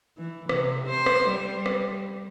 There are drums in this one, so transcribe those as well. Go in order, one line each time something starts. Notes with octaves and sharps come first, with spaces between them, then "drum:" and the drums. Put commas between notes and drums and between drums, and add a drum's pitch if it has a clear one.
E3
C3, drum: rim click
C5
drum: rim click
G3
drum: rim click